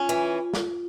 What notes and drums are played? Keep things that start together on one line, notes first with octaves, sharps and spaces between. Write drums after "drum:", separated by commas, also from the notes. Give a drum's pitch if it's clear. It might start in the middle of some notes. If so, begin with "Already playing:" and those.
Already playing: C#4 F4
E3
drum: snare